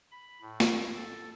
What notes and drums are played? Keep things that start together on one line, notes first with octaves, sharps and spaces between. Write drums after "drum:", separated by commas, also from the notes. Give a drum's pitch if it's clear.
B5
A2
drum: snare
A4